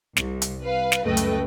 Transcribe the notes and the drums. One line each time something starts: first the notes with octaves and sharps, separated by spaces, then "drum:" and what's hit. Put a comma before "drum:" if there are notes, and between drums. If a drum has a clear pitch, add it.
C2, drum: snare
drum: hi-hat
B4 F5
drum: snare
C#2 F#2 A3 B4 D#5 G5
drum: hi-hat